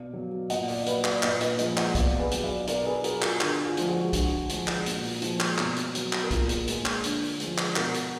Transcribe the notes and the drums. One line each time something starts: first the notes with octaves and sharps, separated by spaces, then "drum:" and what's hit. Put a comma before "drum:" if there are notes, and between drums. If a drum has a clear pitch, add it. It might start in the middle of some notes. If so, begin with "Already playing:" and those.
Already playing: B2 D5 F5
F#3
A#2 D#5 F#5, drum: hi-hat
D5 F5, drum: open hi-hat
F#3 B4 D#5, drum: hi-hat
D5 F5, drum: clap
A#2 B4 D#5, drum: clap
B4 D#5, drum: hi-hat
F3 G#3 B4 D#5, drum: hi-hat
D#5 F#5, drum: clap
B2 D5 F5, drum: kick, hi-hat
G#4 B4
F#3, drum: hi-hat
D5 F5
B2 A#4 D5, drum: hi-hat
G#4 B4
F#3 F#4 A#4, drum: hi-hat
F4 G#4, drum: clap
D3 F#4, drum: clap
F4 G#4
F3 G#3, drum: hi-hat
F#4
D3 F#4, drum: kick, hi-hat
F3 G#3, drum: hi-hat
drum: clap
A#2, drum: hi-hat
drum: open hi-hat
F3 G#3, drum: hi-hat
drum: clap
B2, drum: clap
drum: hi-hat
F#3, drum: hi-hat
drum: clap
A#4
A#2 F4 G#4, drum: kick, hi-hat
drum: hi-hat
G#3, drum: hi-hat
drum: clap
D3, drum: hi-hat
drum: open hi-hat
F3 G#3, drum: hi-hat
drum: clap
B2 F#4 A#4, drum: clap
drum: hi-hat